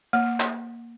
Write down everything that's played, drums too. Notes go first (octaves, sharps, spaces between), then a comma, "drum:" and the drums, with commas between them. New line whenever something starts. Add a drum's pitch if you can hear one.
A#3
drum: clap